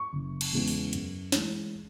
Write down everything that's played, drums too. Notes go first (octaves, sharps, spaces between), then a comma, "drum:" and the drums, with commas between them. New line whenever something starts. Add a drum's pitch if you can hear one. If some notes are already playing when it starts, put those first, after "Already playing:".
Already playing: C#6
F#1
drum: cymbal
E2 C#3 G#3 B3
drum: open hi-hat
F#2, drum: hi-hat
E3 G#3, drum: snare